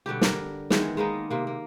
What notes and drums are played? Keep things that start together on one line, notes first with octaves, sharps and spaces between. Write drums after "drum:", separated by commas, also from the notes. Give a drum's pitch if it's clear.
B2 D3 G3 G4
A#4, drum: snare
D#3 E3 G#3 B3, drum: snare
G#3 A#3 B3 D#4
C3 A#3
A#3